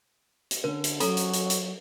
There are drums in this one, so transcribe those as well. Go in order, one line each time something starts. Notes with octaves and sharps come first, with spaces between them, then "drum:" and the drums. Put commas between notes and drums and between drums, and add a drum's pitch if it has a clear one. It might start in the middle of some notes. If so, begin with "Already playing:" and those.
drum: hi-hat
D3 C#4 A#4
drum: hi-hat
F#3 C#4 A4 G#5 A#5, drum: hi-hat
drum: hi-hat
drum: hi-hat
drum: hi-hat